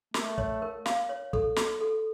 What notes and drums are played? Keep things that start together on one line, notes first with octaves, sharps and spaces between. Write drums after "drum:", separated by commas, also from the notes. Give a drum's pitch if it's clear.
A3 A#4, drum: snare
C#5, drum: kick
A#4
F5, drum: snare
C#5
A4, drum: kick
F#4, drum: snare
A4